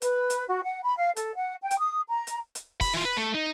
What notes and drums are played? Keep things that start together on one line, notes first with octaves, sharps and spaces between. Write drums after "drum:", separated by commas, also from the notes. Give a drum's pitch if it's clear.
B4, drum: hi-hat
drum: hi-hat
F#4
F#5
B5
F5
A4, drum: hi-hat
F#5
G5
drum: hi-hat
D#6
A#5
drum: hi-hat
drum: hi-hat
B5, drum: kick, open hi-hat
E3 F4
B4
A3
D#4